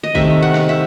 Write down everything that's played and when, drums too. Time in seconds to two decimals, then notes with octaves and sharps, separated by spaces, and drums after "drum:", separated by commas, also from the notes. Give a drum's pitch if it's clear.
0.03 D#5
0.15 C3 D#3 A3 C4 E5, drum: kick A1
0.42 F#5
0.55 drum: snare
0.69 E5